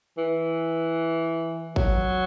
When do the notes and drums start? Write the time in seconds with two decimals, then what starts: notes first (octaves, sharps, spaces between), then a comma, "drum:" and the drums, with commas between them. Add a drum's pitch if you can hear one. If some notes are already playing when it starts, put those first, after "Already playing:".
0.18 E3
1.76 F#3, drum: kick G#1